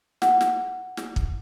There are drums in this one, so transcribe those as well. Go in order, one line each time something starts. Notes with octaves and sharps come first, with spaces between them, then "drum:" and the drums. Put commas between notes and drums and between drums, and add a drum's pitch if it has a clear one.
F#5, drum: snare
drum: snare
drum: snare
drum: kick